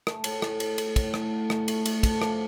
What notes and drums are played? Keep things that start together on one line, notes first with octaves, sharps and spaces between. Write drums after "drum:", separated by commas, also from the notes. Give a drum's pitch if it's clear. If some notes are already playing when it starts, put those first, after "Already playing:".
A3, drum: rim click
A2, drum: cymbal
A3, drum: rim click
A2, drum: cymbal
A2, drum: cymbal
A2, drum: kick, cymbal
A3, drum: rim click
D3
A3, drum: rim click
A3, drum: cymbal
A3, drum: cymbal
D4, drum: kick, cymbal
F3, drum: rim click